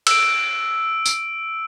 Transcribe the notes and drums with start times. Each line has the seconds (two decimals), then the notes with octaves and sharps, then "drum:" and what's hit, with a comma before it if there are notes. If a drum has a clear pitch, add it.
0.07 E6 D7, drum: cymbal
1.06 drum: tambourine